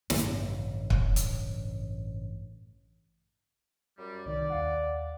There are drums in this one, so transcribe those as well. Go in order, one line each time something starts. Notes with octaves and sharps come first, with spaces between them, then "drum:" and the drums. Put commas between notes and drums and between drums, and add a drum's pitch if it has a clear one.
A1 G2 C#3, drum: snare
drum: kick
drum: hi-hat
F#2 G3
C2 D#3 D5
D#2 F5 F#5